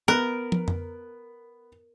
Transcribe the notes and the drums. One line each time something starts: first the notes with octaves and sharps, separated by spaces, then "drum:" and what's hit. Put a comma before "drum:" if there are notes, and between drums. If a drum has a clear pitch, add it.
B3 A#4 F#6
drum: tom
drum: tom F2